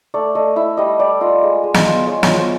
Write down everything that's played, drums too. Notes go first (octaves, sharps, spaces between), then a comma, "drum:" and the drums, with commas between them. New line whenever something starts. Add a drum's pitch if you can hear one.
A3 D5
A3 D#5
E4 E5
G3 D#5
G3 D5
F4 D#5
G#3
G#3
drum: snare
F4
G#3 C#5
C#5, drum: snare
F4
C5